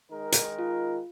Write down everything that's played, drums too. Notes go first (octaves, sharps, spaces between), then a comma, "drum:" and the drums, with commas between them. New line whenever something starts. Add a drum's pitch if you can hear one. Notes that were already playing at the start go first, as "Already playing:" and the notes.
D#3 G#3 D#4 A#4
drum: hi-hat
F4